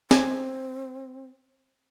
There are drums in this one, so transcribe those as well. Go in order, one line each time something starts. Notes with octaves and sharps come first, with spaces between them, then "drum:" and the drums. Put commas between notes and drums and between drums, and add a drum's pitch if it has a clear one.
C4 G#5, drum: snare C4